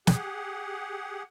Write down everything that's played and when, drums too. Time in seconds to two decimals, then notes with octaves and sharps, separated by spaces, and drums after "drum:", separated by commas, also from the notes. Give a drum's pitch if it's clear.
0.07 G4 G#4 F#5, drum: snare